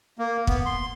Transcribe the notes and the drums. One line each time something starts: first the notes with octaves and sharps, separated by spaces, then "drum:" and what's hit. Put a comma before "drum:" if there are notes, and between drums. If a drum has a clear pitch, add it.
A#3
B3, drum: kick
C6